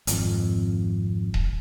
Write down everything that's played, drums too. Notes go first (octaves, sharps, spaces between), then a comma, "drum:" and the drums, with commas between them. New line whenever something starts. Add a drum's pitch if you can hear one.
G#1 F2, drum: hi-hat
drum: kick D#1